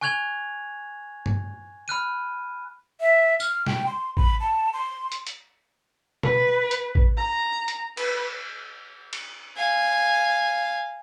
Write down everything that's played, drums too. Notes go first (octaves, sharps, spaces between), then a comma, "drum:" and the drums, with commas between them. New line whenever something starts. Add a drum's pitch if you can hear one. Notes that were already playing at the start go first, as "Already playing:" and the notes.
G#5 C#6 F#6 G#6 F7 F#7
drum: tom G2
B5 F6 F#6 D#7
E5
F6, drum: tambourine
G5, drum: snare
C6
B5, drum: kick A1
A5
C6
drum: hi-hat
drum: hi-hat
B4, drum: tom B2
drum: hi-hat
drum: kick A1
A#5
drum: hi-hat
B4, drum: cymbal
drum: cymbal
F5 G#5